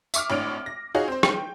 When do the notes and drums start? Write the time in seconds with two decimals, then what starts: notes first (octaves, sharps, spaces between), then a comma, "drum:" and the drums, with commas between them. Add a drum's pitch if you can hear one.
0.14 E5 C#6 D6 F6, drum: tambourine
0.30 G#1 A2 D4 C#5 F6 D7
0.66 A#6
0.95 D#4 F4 F#4 G#4 C#5
1.08 C4 C5
1.23 G5, drum: rim click